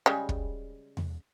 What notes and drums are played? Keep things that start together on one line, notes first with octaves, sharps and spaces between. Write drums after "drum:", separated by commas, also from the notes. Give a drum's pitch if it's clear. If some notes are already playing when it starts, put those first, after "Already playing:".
C#3 G3 G#3
drum: kick
drum: tom E2